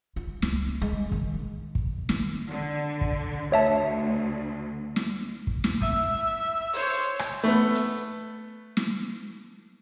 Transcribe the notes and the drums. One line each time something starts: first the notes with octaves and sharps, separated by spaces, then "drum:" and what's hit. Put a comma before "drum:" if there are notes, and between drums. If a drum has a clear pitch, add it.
F4
C#2, drum: snare
G#3
D#3, drum: kick
A#3
drum: kick
D#3, drum: snare
D3
drum: kick
D2 C#5 E5 A5
drum: snare
drum: kick
drum: snare
E5, drum: kick
C5 C#5, drum: open hi-hat
drum: rim click
A3 B3
drum: hi-hat
drum: snare